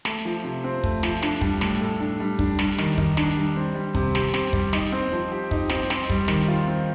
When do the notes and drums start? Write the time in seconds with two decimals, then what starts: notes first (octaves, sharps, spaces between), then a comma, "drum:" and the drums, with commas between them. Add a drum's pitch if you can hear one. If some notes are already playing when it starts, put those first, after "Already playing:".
0.05 A3, drum: snare
0.25 F3
0.44 C3
0.64 C4
0.84 A3, drum: kick
1.03 F3, drum: snare
1.22 D4, drum: snare
1.41 G3, drum: kick
1.61 A2, drum: snare
1.81 A4
2.00 D4
2.20 G3
2.39 D4, drum: kick
2.59 G3, drum: snare
2.78 D#3, drum: snare
2.98 D#3, drum: kick
3.17 D4, drum: snare
3.36 G3
3.56 C4
3.75 G3
3.95 C3, drum: kick
4.15 G4, drum: snare
4.34 C4, drum: snare
4.53 G3, drum: kick
4.73 D#4, drum: snare
4.92 C4
5.12 F3
5.32 G4
5.51 D#4, drum: kick
5.69 C4, drum: snare
5.90 C4, drum: snare
6.10 G3, drum: kick
6.28 D#3, drum: snare
6.48 F4
6.67 C4